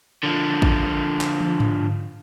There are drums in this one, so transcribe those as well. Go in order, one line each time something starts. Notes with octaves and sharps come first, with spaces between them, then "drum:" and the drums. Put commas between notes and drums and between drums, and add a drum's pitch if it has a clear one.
D3 F3
drum: kick
drum: clap
drum: tom
drum: tom G#2